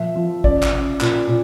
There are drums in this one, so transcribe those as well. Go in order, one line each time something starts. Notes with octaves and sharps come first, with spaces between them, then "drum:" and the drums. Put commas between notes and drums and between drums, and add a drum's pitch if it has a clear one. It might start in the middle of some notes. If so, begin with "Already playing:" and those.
Already playing: A#2 F3 E5
F3
C#3 D5, drum: kick A1
drum: clap
C#3
A#2, drum: clap
A#2